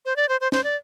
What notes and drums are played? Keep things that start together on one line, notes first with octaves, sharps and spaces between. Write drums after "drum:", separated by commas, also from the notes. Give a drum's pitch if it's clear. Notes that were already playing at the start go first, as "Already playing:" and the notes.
C5
D5
C5
C5
C5, drum: snare
D5